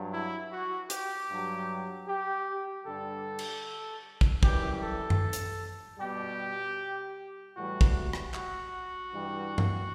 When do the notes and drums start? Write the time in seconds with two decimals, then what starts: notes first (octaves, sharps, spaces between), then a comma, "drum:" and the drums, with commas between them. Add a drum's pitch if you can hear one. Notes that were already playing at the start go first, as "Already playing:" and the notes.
Already playing: G2 F#3
0.12 E4
0.51 F#4
0.90 G4, drum: hi-hat
1.30 G2 F#3
2.07 G4
2.86 G2 D3 G3 A4
3.39 drum: cymbal
4.21 drum: kick
4.43 F#2 E3 G3 G4, drum: kick
4.82 A4
5.10 drum: tom F#2
5.33 drum: hi-hat
5.99 B2 G3 G4
7.56 A2 E3 G3 F#4
7.81 drum: kick
8.13 drum: rim click
8.34 F#4, drum: clap
9.12 G2 E3 G3
9.58 drum: tom G2